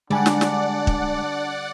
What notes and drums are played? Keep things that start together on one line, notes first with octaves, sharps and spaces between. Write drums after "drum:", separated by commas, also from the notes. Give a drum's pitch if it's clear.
D3 G3 G#3 D4 D5 F#5 G#5
drum: snare
drum: snare
drum: kick